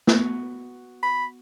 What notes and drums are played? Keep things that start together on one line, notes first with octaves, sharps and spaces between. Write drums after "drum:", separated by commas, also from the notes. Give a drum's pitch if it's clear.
B3 F#4, drum: snare
B5